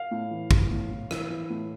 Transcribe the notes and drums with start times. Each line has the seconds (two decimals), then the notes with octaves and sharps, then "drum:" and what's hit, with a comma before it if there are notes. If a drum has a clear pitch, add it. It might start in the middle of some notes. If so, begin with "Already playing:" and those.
Already playing: F5
0.11 A2
0.31 E3
0.51 E3, drum: kick
0.71 A2
0.91 A2
1.11 E3, drum: rim click
1.30 E3
1.50 A2